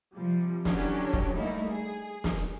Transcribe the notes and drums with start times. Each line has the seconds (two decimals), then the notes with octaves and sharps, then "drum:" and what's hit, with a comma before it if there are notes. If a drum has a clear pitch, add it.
0.14 C3 F3 G3
0.65 D3 E3 F#3 C#4 D4 G4, drum: snare
1.13 drum: kick
1.35 G3 A3 A#3 D#4 E4
1.70 G#4
2.24 drum: snare